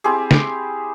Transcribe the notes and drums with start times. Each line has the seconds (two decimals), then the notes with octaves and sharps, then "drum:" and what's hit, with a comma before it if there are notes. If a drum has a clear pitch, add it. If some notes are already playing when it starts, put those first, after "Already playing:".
0.04 C4 E4 G4 G#4
0.31 drum: snare